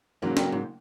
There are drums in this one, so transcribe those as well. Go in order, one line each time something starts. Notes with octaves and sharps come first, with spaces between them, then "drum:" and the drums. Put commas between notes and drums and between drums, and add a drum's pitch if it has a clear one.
G#2 C#3 F#3 A#3
G2, drum: snare
G#2